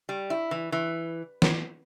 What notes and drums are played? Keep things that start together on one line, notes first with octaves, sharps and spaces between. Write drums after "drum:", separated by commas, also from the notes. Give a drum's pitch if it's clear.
G3
E4
E3
E3
drum: snare